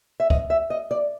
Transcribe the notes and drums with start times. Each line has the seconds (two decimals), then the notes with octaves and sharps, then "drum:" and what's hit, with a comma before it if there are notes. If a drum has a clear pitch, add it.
0.20 E5
0.30 D#5, drum: kick C#2
0.50 E5
0.70 D#5
0.91 D5